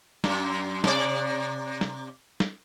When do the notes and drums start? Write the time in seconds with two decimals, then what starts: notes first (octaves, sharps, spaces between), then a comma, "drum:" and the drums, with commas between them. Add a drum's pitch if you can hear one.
0.24 F#2, drum: snare
0.84 C3 D5, drum: snare
1.81 drum: snare
2.40 drum: snare